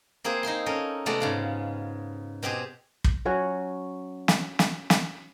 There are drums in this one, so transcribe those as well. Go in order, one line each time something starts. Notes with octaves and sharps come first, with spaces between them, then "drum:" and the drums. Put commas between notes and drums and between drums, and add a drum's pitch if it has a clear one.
A#3 C4 E4 G#4 C5
D#4 E4 C5 C6
C#4 A4 A#4
C3 G#3 A3 B3 F#4 D5
G#2 C#3 F4
B2 C4 G4 G#4
drum: kick
F#3 C#4 F#4 C#5
drum: snare
drum: snare
drum: snare